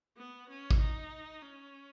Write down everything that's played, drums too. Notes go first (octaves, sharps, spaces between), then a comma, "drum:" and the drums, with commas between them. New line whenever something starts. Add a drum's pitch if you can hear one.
B3
C#4
drum: kick
D#4
C#4